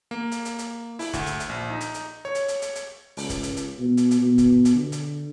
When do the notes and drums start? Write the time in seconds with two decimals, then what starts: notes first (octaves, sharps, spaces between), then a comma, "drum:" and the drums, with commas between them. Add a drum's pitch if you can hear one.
0.11 A#3
0.31 drum: hi-hat
0.45 drum: hi-hat
0.59 drum: hi-hat
0.99 E4, drum: open hi-hat
1.13 D2, drum: kick, hi-hat
1.26 drum: hi-hat
1.40 drum: hi-hat
1.49 A#1
1.70 D#4
1.80 drum: hi-hat
1.94 drum: hi-hat
2.25 C#5
2.35 drum: hi-hat
2.48 drum: hi-hat
2.62 drum: hi-hat
2.75 drum: hi-hat
3.17 C#2, drum: open hi-hat
3.29 drum: kick, hi-hat
3.43 drum: hi-hat
3.57 drum: hi-hat
3.78 B2
3.97 drum: hi-hat
4.11 drum: hi-hat
4.21 B2
4.38 drum: kick, hi-hat
4.65 drum: hi-hat
4.75 D3
4.92 drum: hi-hat